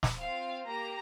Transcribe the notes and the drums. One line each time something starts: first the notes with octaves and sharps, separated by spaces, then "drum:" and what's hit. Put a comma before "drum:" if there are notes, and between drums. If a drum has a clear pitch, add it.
drum: snare
C4 F4 F5
A#3 G4 A#5